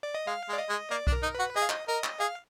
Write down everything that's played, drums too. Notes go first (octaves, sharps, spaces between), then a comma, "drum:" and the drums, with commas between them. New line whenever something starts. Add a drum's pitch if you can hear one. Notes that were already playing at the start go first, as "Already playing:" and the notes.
D5
D#5
G#3 F5
G#3
D5
D#5
G#3
A#3 D5
D4, drum: kick B1
A#4
D#4
F#4 B4
G#4 D#5
F5
D#5, drum: clap
A#4 D#5
drum: clap
G#4 F5